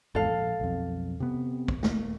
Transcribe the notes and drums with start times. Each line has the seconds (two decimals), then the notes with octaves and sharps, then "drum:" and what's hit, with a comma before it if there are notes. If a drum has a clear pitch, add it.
0.15 G#1 E2 G#2 A4 F5
0.29 A#1
0.60 B1 F2
1.20 C3 B3
1.68 drum: kick
1.83 D#1 A3 A#3, drum: snare